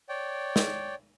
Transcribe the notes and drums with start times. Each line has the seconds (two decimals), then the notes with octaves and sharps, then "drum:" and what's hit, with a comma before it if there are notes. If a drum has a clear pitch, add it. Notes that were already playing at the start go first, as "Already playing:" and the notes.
0.09 C#5 D5 G5
0.56 drum: snare